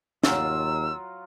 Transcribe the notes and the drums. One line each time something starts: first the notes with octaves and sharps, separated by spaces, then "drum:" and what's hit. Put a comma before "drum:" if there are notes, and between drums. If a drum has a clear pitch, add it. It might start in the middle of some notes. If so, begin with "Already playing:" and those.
D#2 F#3 F4 E6, drum: snare